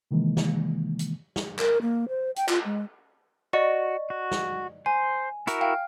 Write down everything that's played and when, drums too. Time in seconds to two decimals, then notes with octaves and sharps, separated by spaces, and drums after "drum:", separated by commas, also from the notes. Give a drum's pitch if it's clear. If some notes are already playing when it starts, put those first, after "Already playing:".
0.11 C3 D#3 E3 G#3 A#3
0.37 drum: snare
0.99 drum: hi-hat
1.36 drum: snare
1.59 A#4, drum: clap
1.82 A#3
2.09 C5
2.36 G5, drum: hi-hat
2.49 F4, drum: clap
2.65 G#3
3.53 F#4 D5 D#5 C#6
4.10 F#4
4.31 drum: snare
4.86 C5 G#5
5.47 E4 F#4 A#4, drum: hi-hat
5.61 F5 G5 F6